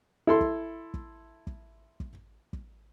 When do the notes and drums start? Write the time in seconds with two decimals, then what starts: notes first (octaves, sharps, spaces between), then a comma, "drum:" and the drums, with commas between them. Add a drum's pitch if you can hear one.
0.27 E4 A4 C6
0.41 drum: kick
0.94 drum: kick
1.47 drum: kick
2.00 drum: kick
2.53 drum: kick